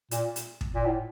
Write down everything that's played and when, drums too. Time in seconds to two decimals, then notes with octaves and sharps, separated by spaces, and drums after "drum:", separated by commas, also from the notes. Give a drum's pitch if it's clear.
0.11 A#2, drum: hi-hat
0.36 drum: hi-hat
0.61 drum: kick
0.74 A#2
0.85 A2